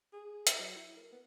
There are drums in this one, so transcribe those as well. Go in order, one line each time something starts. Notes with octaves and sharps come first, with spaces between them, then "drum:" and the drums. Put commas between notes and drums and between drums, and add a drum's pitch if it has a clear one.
G#4
E5, drum: hi-hat
F#3
E4
A#4
B3